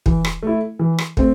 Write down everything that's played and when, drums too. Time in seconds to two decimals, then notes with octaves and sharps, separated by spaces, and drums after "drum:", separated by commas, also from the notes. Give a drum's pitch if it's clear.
0.06 E3, drum: kick
0.25 drum: rim click
0.43 A3 E4
0.79 E3
0.98 drum: rim click
1.17 A3 C4, drum: kick